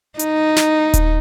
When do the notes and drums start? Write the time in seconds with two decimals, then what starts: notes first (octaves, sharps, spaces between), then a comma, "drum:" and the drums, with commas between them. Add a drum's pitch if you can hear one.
0.19 D#4, drum: hi-hat
0.56 drum: snare
0.94 drum: kick D#1, hi-hat